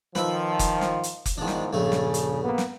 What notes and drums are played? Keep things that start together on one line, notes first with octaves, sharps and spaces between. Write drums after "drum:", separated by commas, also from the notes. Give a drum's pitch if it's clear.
D#3 F3 B4 E5, drum: snare
drum: kick F1, hi-hat
drum: snare
drum: hi-hat
drum: kick F1, hi-hat
E2 G#2 D#3 F3 D4
drum: snare
A#1 G2 C#3 A3
drum: snare
drum: hi-hat
A#3 B3
drum: snare